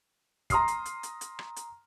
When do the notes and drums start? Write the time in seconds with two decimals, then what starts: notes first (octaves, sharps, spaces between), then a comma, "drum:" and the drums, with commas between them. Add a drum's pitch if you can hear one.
0.50 A#5 C6 D#6 F6 C7, drum: kick, hi-hat
0.68 drum: hi-hat
0.85 drum: hi-hat
1.03 drum: hi-hat
1.21 drum: hi-hat
1.39 drum: rim click
1.56 drum: hi-hat